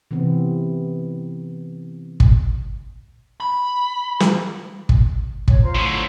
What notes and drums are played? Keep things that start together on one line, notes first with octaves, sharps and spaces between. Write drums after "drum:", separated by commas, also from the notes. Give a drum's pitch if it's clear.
C3 E3 B3 C4
drum: kick
B5
drum: snare
drum: kick
C#5, drum: kick
F4 C5 A#5
A2 D3